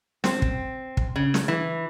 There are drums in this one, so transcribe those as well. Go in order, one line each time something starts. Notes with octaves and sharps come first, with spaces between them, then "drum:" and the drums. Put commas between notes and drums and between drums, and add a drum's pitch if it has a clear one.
C4, drum: snare
drum: kick
drum: kick
C#3
drum: snare
E3